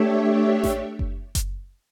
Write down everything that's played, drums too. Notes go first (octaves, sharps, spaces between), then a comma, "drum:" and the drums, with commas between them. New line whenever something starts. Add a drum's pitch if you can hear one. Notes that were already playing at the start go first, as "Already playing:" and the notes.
Already playing: A3 D4 G4 C#5 E5
drum: snare A1
drum: kick F#1
drum: kick F#1, hi-hat